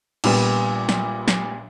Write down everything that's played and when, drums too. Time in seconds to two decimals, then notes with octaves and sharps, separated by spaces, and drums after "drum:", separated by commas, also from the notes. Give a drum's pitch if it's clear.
0.24 A#1 A#2 G3 B3, drum: cymbal
0.89 drum: snare
1.28 drum: snare